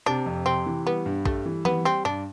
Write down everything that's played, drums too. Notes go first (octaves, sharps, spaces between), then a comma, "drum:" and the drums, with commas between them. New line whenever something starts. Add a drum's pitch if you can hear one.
C3 D4
F2
C3 C4
E3
G3 B3
G2
G3 A3, drum: kick A1
E3
G3 B3, drum: tom E3
G3 C4
G2 D4